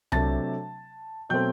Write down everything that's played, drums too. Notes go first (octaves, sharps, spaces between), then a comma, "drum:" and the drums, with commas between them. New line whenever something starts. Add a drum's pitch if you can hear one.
C3 F#3 A3 D4 A5 A6, drum: tom C2
B2 F#3 A3 C4 G5 G6